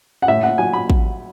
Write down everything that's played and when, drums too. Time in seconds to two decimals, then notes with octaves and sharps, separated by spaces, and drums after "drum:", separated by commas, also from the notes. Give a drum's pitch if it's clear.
0.22 F#5
0.28 A2 E5
0.43 F#5
0.58 F#3 G#5
0.73 B5
0.90 drum: kick